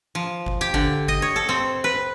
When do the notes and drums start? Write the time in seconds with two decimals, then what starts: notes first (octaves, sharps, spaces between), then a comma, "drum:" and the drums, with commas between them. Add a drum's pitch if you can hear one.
0.15 F3
0.46 drum: kick G1
0.61 G4
0.74 D3, drum: kick G1
1.08 D#5, drum: kick G1
1.22 C#5
1.36 A4
1.49 C4
1.84 B4